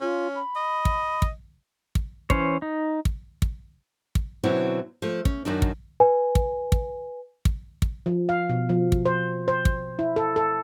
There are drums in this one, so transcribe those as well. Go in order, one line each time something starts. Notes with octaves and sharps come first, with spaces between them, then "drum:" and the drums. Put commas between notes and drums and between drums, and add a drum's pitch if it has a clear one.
C#4 F4
B5
D#5
drum: kick
drum: kick
drum: kick
E3 C#4 C5 C#5, drum: kick
D#4
drum: kick
drum: kick
drum: kick
B2 D3 F#3 C4 C#4 E4
F3 A3
C#4, drum: kick
F#2 D#3 F#3 D4
drum: kick
B4 G#5
drum: kick
drum: kick
drum: kick
drum: kick
F3
F5
B2
F3
drum: kick
C5
C5
drum: kick
E4
A4
A4